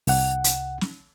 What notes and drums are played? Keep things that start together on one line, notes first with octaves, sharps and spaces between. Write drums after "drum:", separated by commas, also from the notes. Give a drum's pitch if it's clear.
C2 F#5, drum: open hi-hat
drum: hi-hat
drum: snare